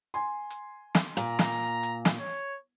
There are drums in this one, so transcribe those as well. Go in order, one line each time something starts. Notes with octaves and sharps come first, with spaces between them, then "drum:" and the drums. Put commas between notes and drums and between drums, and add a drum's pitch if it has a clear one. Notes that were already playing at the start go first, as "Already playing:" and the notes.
G#5 C6
drum: hi-hat
drum: snare
A#2 A#5
drum: snare
drum: hi-hat
drum: snare
C#5